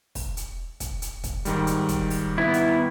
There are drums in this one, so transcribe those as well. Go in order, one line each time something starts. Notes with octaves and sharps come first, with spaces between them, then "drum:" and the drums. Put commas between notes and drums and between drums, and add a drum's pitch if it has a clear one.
drum: kick, open hi-hat
drum: hi-hat
drum: kick, hi-hat
drum: hi-hat
drum: kick, hi-hat
G#2 D#3 G3, drum: hi-hat
drum: hi-hat
drum: kick, hi-hat
drum: open hi-hat
B3 E4
drum: hi-hat